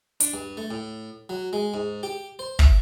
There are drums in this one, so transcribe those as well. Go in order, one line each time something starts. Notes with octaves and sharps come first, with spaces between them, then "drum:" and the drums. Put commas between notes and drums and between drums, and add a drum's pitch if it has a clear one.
D4, drum: hi-hat
G2
A3
A2
F#3
G#3
G#2
G4
C5
E5, drum: kick